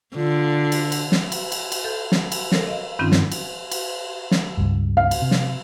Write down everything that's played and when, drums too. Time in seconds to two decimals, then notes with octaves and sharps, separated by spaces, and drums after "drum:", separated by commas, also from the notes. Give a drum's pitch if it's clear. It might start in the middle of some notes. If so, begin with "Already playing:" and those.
0.15 D3 F4
0.72 drum: cymbal
0.92 drum: cymbal
1.12 drum: snare
1.32 drum: cymbal
1.52 drum: cymbal
1.72 drum: cymbal
1.84 A4 G6
2.12 drum: snare
2.32 drum: cymbal
2.52 A4 A#4 C5 C#5, drum: snare
2.67 D#5 F5
2.99 G2 D#3 C4 C#4 D#4 F4
3.12 drum: snare
3.32 drum: cymbal
3.71 drum: cymbal
4.31 drum: snare
4.57 C#2 G2
4.97 F5
5.11 drum: cymbal
5.22 C3
5.31 drum: snare